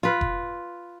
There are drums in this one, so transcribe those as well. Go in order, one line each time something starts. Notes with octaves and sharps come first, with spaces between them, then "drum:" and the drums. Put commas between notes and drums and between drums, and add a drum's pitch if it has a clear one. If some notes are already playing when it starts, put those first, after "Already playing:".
F4 B4
drum: kick F1